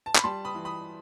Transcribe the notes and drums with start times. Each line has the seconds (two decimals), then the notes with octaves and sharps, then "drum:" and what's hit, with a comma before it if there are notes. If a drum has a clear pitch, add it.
0.06 A5
0.15 B5, drum: clap
0.24 G3 A5 C6
0.45 B5 D#6
0.55 E3
0.65 B5 D#6